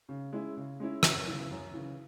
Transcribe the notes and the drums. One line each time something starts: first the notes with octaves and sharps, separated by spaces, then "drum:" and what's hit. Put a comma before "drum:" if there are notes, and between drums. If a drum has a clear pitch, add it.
C#3
G#3 C#4 E4
C#3
G#3 C#4 E4
F#2, drum: rim click
C#3 E3
F#2
C#3 E3